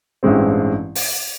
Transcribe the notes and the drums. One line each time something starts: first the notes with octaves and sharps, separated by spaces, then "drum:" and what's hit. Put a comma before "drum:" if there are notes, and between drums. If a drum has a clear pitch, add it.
A1 G2 E3 G#3 C4
drum: open hi-hat